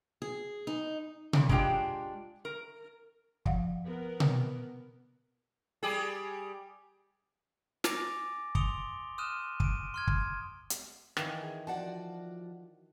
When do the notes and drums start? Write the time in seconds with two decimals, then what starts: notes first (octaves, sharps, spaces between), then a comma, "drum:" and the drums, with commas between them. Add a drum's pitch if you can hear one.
0.22 G#4
0.67 D#4
1.33 D3 E3 F3, drum: tom B2
1.49 G#3 C#4 D4 F4 G4 G5, drum: kick
2.45 A#4
3.46 F3 F5 F#5, drum: kick
3.85 B3 A#4
4.20 drum: tom B2
5.83 G3 G4 G#4
7.84 G#5 A#5 D6 A6 A#6 D7, drum: snare
8.55 C6 D#6 C#7 D7 F7 G7, drum: kick
9.18 C6 D#6 F6 F#6 D#7 E7
9.60 D7 D#7, drum: kick
9.94 C6 F6 G#6
10.07 drum: kick
10.70 drum: hi-hat
11.17 D#3 E3 F5, drum: rim click
11.43 G#4
11.67 F3 F#4 D5 F#5 A5